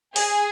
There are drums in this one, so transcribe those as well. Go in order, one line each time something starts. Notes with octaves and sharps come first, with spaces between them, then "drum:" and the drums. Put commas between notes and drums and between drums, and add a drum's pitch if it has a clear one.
G#4, drum: open hi-hat